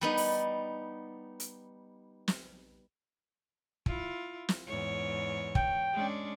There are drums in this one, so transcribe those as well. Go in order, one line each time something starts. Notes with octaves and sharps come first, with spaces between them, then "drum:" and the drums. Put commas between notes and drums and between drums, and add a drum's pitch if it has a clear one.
G3 B3 D#4
drum: open hi-hat
drum: hi-hat
drum: snare
E4 F4, drum: kick
drum: snare
E2 G#2 C#5
G5, drum: kick
G#3 C#4 D4